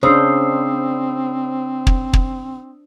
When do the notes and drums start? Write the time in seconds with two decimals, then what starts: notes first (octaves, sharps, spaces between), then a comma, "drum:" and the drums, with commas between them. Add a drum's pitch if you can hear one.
0.03 C#3 C4 D4 C5 D#6 E6 C7
1.87 drum: kick
2.13 drum: kick